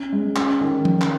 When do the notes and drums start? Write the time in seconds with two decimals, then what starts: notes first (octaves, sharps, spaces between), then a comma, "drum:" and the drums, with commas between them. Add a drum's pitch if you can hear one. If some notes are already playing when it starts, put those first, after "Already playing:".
Already playing: C#4
0.13 G#3
0.36 C#4, drum: clap
0.61 D#3
0.85 drum: tom F3
1.01 drum: clap